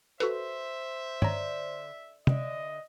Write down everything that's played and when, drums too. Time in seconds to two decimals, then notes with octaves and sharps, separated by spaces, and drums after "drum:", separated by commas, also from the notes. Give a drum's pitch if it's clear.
0.20 F#4 A4 B4 C5 E5, drum: hi-hat
1.22 D3 C#5 A#5, drum: tom
2.27 D3 D#5 E5, drum: tom